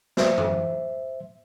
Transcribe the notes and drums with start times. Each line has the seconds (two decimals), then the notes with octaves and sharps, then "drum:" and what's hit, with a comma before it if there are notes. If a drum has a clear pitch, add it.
0.17 C5 E5, drum: snare
0.38 drum: tom F#2